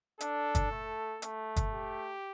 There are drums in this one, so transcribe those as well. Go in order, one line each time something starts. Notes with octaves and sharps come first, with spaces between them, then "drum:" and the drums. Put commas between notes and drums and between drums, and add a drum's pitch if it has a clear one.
D4 A4, drum: hi-hat
drum: kick, hi-hat
A3
A3, drum: hi-hat
drum: kick, hi-hat
G4